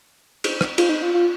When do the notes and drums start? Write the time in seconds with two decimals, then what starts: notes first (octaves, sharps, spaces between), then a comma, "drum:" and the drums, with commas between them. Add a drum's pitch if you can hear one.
0.44 drum: cymbal
0.61 drum: rim click
0.78 F4, drum: cymbal
0.89 D#4
1.02 F4
1.14 F4